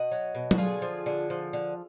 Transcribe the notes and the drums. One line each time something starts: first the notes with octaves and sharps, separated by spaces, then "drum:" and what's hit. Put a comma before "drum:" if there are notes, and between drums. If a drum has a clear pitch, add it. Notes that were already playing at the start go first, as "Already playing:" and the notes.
Already playing: B2 D#5 F#5
F#3
B2
F#4, drum: tom
D3 F4 G#4
F3
D3
F3
D3